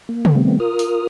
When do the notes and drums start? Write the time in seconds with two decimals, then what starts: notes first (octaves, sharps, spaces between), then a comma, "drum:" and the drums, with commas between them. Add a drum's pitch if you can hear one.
0.09 A#3
0.25 drum: tom
0.35 D#3 G3 A3 B3 C4
0.60 F4 A#4 D#6 F6
0.79 drum: open hi-hat